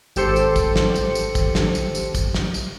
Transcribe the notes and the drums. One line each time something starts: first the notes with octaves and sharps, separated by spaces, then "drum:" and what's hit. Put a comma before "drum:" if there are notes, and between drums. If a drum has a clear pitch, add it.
G#1 G4 A4 C5 C#7, drum: tambourine
drum: tambourine
drum: kick, tambourine
drum: snare
drum: tambourine
drum: tambourine
drum: kick, tambourine
drum: snare
drum: tambourine
drum: tambourine
drum: kick, tambourine
drum: snare
drum: tambourine